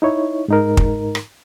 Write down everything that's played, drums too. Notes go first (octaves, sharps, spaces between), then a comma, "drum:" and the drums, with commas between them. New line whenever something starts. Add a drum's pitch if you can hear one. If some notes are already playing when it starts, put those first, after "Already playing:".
D#4 E4 C#5
G#2 D#4 A#4
drum: kick
drum: rim click